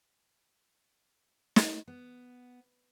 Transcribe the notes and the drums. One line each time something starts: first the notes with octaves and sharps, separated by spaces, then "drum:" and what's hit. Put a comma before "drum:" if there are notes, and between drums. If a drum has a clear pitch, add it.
drum: snare
B3